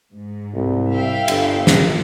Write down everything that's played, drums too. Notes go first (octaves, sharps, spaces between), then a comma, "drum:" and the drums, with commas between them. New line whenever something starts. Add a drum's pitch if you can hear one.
G#2
C2
E5 F5 G5
G1, drum: cymbal
A#1, drum: snare